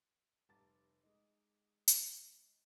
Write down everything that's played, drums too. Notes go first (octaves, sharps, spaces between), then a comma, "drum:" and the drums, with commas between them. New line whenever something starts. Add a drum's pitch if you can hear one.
F1 G3 A5 A#5 D6 A6
G#3 D#4
drum: hi-hat